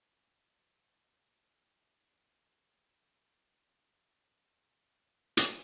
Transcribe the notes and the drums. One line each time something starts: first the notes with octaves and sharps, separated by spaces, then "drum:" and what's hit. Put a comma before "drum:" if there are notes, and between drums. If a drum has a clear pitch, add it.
G4 C#5 D#5 A5
D3 D#3 G#3 C4 D#4
drum: hi-hat